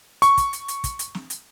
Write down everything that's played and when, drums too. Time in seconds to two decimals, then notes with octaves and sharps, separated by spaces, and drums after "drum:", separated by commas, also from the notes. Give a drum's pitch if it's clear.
0.22 C#6, drum: hi-hat
0.37 drum: kick, hi-hat
0.53 drum: hi-hat
0.68 drum: hi-hat
0.84 drum: kick, hi-hat
0.99 drum: hi-hat
1.15 drum: snare
1.30 drum: hi-hat